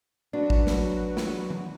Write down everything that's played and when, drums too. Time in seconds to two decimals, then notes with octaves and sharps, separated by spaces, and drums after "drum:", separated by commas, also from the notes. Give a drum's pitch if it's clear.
0.33 F#3 D4 F#4 B4
0.50 drum: kick A1
0.67 drum: snare
1.17 drum: snare
1.50 drum: tom D#3